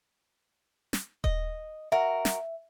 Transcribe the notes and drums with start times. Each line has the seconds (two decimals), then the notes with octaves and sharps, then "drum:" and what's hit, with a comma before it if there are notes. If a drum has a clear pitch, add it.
0.93 drum: snare
1.24 D#5, drum: kick D#1
1.92 F#4 A#4 E5
2.25 drum: snare